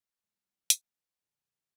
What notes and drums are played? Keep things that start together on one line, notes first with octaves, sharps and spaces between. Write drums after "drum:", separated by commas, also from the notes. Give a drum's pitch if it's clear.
F#1 E2 B2 F3 G#3
drum: hi-hat
A#1 F2 D3 G3